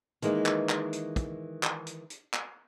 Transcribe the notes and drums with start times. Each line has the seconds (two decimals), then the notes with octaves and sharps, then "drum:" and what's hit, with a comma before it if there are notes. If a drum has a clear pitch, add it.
0.22 D#3 E3 G#3 A#3, drum: hi-hat
0.46 drum: clap
0.69 drum: clap
0.93 drum: hi-hat
1.16 drum: kick, hi-hat
1.63 drum: clap
1.87 drum: hi-hat
2.10 drum: hi-hat
2.34 drum: clap